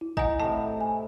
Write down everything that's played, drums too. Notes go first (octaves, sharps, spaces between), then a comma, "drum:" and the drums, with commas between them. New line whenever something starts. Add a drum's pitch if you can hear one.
E4
D#4 F#5 G#5, drum: kick
A2 C3 A5
G#5